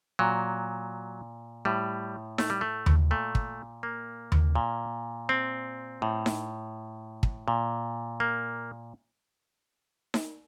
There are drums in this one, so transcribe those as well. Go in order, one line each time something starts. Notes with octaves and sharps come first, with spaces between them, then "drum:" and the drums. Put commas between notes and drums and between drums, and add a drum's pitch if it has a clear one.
A#2 F#3
A2 G3
A3, drum: snare D#4
G3
A3
drum: tom D#2
A#2 A3
drum: kick
A#3
drum: tom D#2
A#2
C4
A2
drum: snare D#4
drum: kick
A#2
A#3
drum: snare D#4